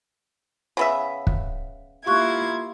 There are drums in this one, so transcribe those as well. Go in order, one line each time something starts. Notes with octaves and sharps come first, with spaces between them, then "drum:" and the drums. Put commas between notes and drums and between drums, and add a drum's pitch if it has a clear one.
C#3 B3 E5
drum: kick
A#3 E4 F4 G4 C#6 F#6 G#6